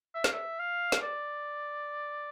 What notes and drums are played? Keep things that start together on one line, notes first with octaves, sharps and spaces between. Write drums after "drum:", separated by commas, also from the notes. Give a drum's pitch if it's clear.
E5
F5, drum: snare
E5
F5
drum: snare
D5